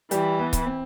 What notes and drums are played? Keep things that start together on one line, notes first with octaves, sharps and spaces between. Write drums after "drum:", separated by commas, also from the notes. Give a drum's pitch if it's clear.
E3 G3 G4, drum: hi-hat
B3
drum: kick C#1, hi-hat
C4